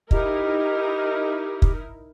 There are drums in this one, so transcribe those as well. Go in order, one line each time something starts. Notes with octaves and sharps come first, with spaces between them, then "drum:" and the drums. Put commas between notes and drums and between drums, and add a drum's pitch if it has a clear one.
D#4 E4 G4 A#4 D#5, drum: kick
drum: kick